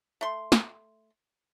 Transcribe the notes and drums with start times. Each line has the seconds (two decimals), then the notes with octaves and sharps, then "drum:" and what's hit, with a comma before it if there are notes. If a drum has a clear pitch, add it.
0.21 A3 C6
0.52 drum: snare